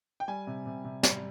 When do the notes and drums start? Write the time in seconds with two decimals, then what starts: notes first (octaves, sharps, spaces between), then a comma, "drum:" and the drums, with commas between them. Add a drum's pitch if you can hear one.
0.20 G5
0.28 G3 G#5
0.47 C3
0.66 C3
0.84 C3
1.03 G3, drum: snare